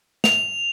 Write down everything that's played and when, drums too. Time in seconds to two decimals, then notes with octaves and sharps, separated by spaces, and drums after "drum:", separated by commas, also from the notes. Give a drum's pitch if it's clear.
0.24 F7, drum: snare